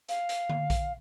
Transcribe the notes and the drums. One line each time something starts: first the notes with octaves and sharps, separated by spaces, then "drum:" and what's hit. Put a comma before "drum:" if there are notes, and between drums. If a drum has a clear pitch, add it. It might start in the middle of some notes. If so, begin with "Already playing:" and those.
F5, drum: hi-hat
drum: hi-hat
drum: tom D3
drum: kick A#1, hi-hat